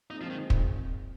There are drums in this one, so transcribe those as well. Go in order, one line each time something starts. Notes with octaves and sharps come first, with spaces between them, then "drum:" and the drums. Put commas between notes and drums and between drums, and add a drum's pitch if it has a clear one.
A#2 G#3 C4 D#4
F3
D#3
drum: kick